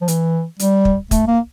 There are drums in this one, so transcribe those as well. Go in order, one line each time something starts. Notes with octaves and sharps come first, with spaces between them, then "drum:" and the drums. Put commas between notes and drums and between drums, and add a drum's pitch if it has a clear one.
F3
E3, drum: hi-hat
G3, drum: hi-hat
drum: kick
A3, drum: kick, hi-hat
A#3